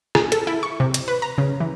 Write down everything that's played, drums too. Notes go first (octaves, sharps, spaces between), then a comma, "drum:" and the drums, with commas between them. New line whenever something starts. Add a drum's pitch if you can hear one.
G#4, drum: rim click
A4, drum: hi-hat
E4
C#6
C3
drum: hi-hat
B4
A#5
C#3
E3